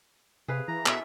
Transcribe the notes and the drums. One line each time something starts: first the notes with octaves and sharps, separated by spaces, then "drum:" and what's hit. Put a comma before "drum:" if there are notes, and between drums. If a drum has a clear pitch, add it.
C3 G#4 B4 F5
E3 A#5
B2 C#4 E4 A4 E5, drum: clap